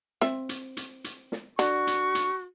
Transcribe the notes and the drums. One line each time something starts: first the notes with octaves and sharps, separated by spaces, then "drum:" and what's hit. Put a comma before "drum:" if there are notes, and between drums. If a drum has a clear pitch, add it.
C4 E5, drum: snare
drum: hi-hat
drum: hi-hat
drum: hi-hat
drum: snare
D3 F#4 C#6, drum: hi-hat
drum: hi-hat
drum: hi-hat